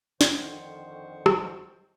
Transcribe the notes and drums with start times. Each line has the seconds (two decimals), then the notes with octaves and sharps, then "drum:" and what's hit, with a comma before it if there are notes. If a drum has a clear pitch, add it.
0.21 F2 D3 D#3 C5 C#6, drum: snare
1.26 drum: rim click